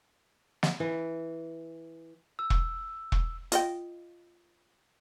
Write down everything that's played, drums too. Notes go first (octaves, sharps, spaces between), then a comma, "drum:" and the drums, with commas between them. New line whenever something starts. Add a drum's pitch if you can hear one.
drum: snare
E3
E6
drum: kick E1
drum: kick E1
F4 D#5 G5, drum: hi-hat